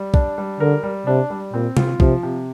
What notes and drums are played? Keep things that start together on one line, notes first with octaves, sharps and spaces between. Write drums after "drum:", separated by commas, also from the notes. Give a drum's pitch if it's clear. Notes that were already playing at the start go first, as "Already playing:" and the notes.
Already playing: G3
D4, drum: kick
G3
D3 A#4
G3
C3 D4
G3
A#2 C4
F4, drum: tom C3
C3 F3, drum: kick
C3